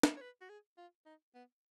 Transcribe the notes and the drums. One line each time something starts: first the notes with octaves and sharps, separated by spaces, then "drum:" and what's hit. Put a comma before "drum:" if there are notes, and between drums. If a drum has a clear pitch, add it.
drum: snare
C#5
B4
F#4
G#4
F4
D#4
B3